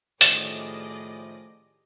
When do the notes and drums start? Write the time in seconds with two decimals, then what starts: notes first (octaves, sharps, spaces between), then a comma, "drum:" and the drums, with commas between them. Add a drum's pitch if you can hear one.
0.21 A2 D#3 F3 C#4 G4 G#4 D5 D#5, drum: hi-hat